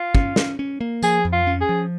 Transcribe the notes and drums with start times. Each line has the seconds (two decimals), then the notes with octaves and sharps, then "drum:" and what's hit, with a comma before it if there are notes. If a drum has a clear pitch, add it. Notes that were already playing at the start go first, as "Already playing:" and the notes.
Already playing: F4
0.15 C#4, drum: kick
0.36 C#4, drum: snare
0.59 C#4
0.81 A#3
1.02 F3 G#4, drum: tambourine
1.25 F2
1.33 F4
1.47 C#4
1.61 G#4
1.69 F3